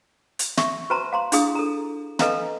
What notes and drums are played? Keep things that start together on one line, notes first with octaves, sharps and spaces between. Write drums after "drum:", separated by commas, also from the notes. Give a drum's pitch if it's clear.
drum: hi-hat
E5 C#6, drum: snare
F#4 B4 C5 A5 A#5 C6
F5 A#5 C6
D4 E4 F4 G#4 F5 D#6, drum: hi-hat
A4 A#5
A4 B4 D#5 F5 G#5 A#5, drum: snare